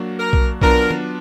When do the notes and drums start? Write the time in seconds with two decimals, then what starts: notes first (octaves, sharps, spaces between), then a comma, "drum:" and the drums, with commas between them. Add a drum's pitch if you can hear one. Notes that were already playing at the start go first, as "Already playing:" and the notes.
Already playing: F#3 A#3 D4 F#4
0.19 A#4
0.33 drum: kick B1
0.62 F#3 B3 D4 F4 A#4, drum: kick B1
0.91 drum: tom